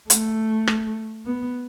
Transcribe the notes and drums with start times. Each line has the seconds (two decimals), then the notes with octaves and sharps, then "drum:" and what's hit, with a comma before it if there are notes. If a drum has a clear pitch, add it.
0.10 A3, drum: hi-hat
0.67 drum: rim click
1.26 B3